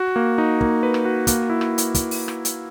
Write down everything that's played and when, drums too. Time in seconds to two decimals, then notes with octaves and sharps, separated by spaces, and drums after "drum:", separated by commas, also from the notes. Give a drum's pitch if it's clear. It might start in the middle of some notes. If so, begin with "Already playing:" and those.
Already playing: F#4
0.16 A#3
0.38 D#4
0.61 A#3, drum: kick
0.83 B4
0.94 drum: rim click
1.05 F#4
1.27 A#3, drum: kick, hi-hat
1.50 E4
1.61 drum: rim click
1.78 drum: hi-hat
1.95 drum: kick, hi-hat
2.11 drum: open hi-hat
2.28 drum: rim click
2.45 drum: hi-hat